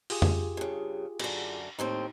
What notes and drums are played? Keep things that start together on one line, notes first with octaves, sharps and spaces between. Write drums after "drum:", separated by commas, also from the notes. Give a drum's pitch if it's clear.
F4 G4 G#4, drum: open hi-hat
drum: tom F2
G2 C#3
F#2 D3, drum: cymbal
D#2 A2 C4 D#4